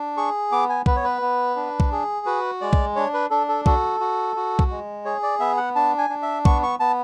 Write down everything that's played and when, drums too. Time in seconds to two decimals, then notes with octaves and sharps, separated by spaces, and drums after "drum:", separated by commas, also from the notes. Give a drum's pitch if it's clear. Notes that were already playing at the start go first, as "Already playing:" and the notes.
Already playing: D4
0.17 G#4 C#6
0.51 B3 D6
0.69 G#5
0.86 B3 B4, drum: kick B1
0.96 C#5
1.04 B4
1.22 B3
1.56 D4
1.80 drum: kick B1
1.92 G#4
2.26 F#4 B4
2.61 G#3 D5
2.73 drum: kick B1
2.96 D4 C#5
3.14 B4
3.31 D4 A4
3.49 A4
3.66 F#4 A4, drum: kick B1
4.00 F#4
4.36 F#4
4.59 drum: kick B1
4.71 G#3
5.05 G#4 C#5
5.23 D5
5.40 B3 E5
5.57 F#5
5.75 D4 A5
5.98 G#5
6.10 D4
6.22 E5
6.45 B3 C#6, drum: kick B1
6.63 C#6
6.80 B3 A5